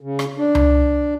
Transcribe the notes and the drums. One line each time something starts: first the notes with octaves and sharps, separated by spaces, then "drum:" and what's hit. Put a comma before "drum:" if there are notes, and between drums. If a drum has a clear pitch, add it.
C#3
drum: rim click
D4
drum: tom C#2